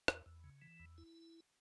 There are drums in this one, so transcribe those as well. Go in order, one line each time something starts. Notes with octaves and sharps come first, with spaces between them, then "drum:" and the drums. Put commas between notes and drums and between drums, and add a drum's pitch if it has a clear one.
E2, drum: rim click
E2
C#3
E3
E2
E4